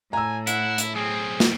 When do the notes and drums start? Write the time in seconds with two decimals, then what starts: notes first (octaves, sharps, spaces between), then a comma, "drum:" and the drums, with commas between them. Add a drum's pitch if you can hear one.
0.13 A2 G#5 A#5 E6
0.47 E4 F#5, drum: hi-hat
0.78 drum: hi-hat
0.95 B1 C4 G#4
1.40 drum: snare